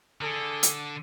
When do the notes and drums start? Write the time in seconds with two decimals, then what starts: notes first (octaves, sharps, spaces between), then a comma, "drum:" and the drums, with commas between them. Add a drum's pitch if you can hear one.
0.21 D3 G#4 A4
0.63 drum: hi-hat